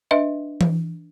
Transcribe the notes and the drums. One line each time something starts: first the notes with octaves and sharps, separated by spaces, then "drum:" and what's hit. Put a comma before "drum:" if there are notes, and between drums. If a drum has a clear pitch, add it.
D4 B4 D#5 E5
drum: tom E3